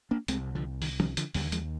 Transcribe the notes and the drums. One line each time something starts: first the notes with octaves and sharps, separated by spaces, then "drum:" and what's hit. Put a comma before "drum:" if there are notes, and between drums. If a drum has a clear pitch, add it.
A#3 D4
C2 C3 G#3 C4, drum: hi-hat
D3 F3
D#3, drum: open hi-hat
D#3, drum: tom F3
D3 F3, drum: hi-hat
D#2 D3 D#3 G3, drum: open hi-hat
F3 G#3, drum: hi-hat